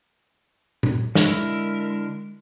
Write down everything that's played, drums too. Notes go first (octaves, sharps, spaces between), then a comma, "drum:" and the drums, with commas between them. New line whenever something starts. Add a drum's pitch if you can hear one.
drum: tom A#2
D3 G#3 E4 A#4, drum: snare